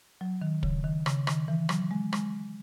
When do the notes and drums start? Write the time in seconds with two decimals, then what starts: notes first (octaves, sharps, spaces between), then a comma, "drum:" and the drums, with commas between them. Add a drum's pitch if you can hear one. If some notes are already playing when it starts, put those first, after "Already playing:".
0.21 F#3
0.42 D#3
0.63 C#3, drum: kick
0.84 D#3
1.06 C#3, drum: rim click
1.27 D#3, drum: rim click
1.48 E3
1.69 F#3, drum: rim click
1.91 G#3
2.13 G#3, drum: rim click